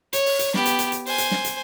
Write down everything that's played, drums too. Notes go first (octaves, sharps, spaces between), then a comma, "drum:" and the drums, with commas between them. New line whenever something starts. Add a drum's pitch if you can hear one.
C#5, drum: hi-hat
drum: open hi-hat
drum: hi-hat
B3 G4, drum: snare
drum: hi-hat
drum: hi-hat
drum: hi-hat
C5 G#5, drum: open hi-hat
drum: hi-hat
drum: snare
drum: hi-hat